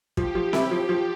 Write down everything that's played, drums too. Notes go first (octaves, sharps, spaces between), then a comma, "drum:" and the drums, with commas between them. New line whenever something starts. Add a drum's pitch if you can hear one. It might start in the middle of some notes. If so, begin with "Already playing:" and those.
F3 G4, drum: kick
F3
E4, drum: snare C4
F3
F3